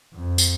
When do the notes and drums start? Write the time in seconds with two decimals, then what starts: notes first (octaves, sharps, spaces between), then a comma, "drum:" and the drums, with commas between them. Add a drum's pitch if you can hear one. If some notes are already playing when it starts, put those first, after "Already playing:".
0.15 F2
0.38 drum: tambourine